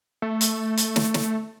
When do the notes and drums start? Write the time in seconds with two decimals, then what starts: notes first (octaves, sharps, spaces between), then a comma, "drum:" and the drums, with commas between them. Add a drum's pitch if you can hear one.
0.22 A3
0.41 drum: hi-hat
0.77 drum: hi-hat
0.96 drum: snare
1.14 drum: snare